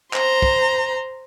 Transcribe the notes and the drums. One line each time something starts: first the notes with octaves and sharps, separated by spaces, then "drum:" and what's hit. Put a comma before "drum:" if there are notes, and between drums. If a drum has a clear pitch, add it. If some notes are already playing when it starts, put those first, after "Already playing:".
C5 A#5, drum: clap
drum: kick